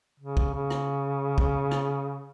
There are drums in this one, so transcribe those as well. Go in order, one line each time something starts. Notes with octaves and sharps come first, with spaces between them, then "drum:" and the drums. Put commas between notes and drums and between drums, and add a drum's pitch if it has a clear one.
C#3
drum: kick
C#3
drum: rim click
drum: kick
drum: rim click